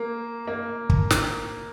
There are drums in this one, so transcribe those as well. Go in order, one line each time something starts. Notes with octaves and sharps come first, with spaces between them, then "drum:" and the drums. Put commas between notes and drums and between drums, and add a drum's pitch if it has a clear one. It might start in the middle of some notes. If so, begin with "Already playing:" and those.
Already playing: A#3
A#3
drum: kick
drum: snare